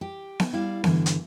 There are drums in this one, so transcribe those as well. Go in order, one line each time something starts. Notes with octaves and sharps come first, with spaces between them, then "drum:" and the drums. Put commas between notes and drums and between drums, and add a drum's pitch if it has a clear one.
G4
drum: snare B3
G3 E4 D5 F5
G2 D3 E3, drum: snare B3
drum: hi-hat